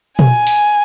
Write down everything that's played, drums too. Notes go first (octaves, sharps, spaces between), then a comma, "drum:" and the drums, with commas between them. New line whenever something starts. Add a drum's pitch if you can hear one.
G#5, drum: tom
drum: open hi-hat